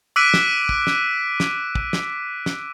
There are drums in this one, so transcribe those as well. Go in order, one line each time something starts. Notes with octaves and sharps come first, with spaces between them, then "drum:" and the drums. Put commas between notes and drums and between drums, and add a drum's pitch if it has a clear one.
D6 E6 F#6 B6 D7 D#7
drum: snare
drum: kick
drum: snare
drum: snare
drum: kick
drum: snare
drum: snare